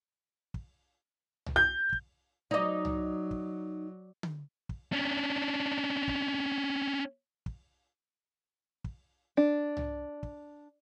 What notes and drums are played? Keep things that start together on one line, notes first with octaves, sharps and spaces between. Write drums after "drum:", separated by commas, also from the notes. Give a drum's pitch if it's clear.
drum: kick
drum: tom C2
G6
drum: kick
F#3 D#4 D5 D#5 D6
drum: tom C2
drum: kick
drum: tom D3
drum: kick
C#4 D4
drum: kick
drum: kick
drum: kick
D4
drum: tom C2
drum: kick